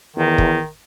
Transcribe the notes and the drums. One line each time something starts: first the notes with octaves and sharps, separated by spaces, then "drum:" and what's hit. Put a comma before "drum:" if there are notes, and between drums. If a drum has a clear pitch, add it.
E2 D#3
drum: kick